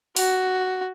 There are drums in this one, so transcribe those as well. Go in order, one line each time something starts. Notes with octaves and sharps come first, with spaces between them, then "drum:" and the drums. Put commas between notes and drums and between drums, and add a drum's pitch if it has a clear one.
F#4, drum: open hi-hat